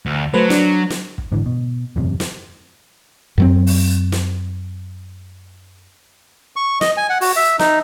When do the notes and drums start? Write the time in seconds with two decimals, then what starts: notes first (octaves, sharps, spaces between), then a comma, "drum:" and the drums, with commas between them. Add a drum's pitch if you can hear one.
0.06 D2
0.34 F#3 A3 B4 C5
0.50 D4, drum: snare
0.90 drum: snare
1.18 drum: kick
1.32 G#2 D3 E3
1.46 B2
1.96 E1 A1 F#2 C3
2.20 drum: snare
3.38 F#2 F#3 C4
3.67 drum: open hi-hat
4.12 drum: snare
6.56 C#6
6.81 D#5, drum: snare
6.97 G#5
7.10 F#5
7.21 F#4, drum: open hi-hat
7.36 E5
7.59 D#4, drum: snare